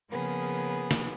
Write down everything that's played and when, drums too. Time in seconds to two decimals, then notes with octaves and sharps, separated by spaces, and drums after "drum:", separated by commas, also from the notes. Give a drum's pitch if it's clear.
0.11 C#3 F3 A#3 B3 G#4
0.91 drum: snare